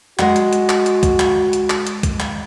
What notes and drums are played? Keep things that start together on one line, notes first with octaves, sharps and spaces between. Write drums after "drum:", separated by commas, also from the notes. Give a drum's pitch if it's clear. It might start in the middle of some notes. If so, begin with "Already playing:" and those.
G#3 F#4 F#5, drum: clap
drum: hi-hat
drum: hi-hat
drum: clap
drum: hi-hat
drum: kick, hi-hat
drum: clap
drum: hi-hat
drum: clap
drum: hi-hat
drum: kick, hi-hat
drum: clap